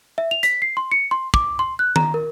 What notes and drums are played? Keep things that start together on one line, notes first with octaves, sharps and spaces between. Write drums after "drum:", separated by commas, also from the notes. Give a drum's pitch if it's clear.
E5
F7
B6, drum: hi-hat
C7
C6
C#7
C6
D6, drum: kick
C6
F#6
A#5, drum: tom D#3
A#4